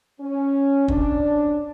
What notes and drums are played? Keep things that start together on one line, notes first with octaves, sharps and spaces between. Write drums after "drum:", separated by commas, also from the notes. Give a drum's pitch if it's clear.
C#4
D4, drum: kick